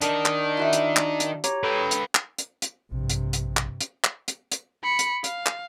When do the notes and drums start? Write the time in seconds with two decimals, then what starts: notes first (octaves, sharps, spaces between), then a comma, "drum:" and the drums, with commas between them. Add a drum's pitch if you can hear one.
0.01 D#3 D4 A5, drum: hi-hat
0.25 drum: clap
0.57 E4 F#4 E5
0.73 drum: hi-hat
0.96 drum: clap
1.20 drum: hi-hat
1.44 G4 C#5 A#5, drum: hi-hat
1.64 A4 B4 G5
1.91 drum: hi-hat
2.15 drum: clap
2.38 drum: hi-hat
2.62 drum: hi-hat
2.92 A#1 G2 C3
3.09 drum: hi-hat
3.33 drum: hi-hat
3.57 drum: clap
3.81 drum: hi-hat
4.04 drum: clap
4.28 drum: hi-hat
4.52 drum: hi-hat
4.83 B5 C#7
4.99 drum: hi-hat
5.24 F5, drum: hi-hat
5.46 drum: clap